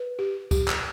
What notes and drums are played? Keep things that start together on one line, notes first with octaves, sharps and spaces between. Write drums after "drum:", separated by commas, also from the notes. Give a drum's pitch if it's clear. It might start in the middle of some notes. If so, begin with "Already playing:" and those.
Already playing: B4
G4
G4, drum: kick C#2, tambourine
drum: clap